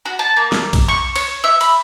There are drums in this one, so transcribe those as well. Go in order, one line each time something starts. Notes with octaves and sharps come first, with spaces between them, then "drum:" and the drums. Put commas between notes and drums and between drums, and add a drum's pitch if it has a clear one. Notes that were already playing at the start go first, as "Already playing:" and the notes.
F#4
A5
A#3
drum: snare
drum: kick, cymbal
C#6
C#5, drum: cymbal
E5
B5, drum: cymbal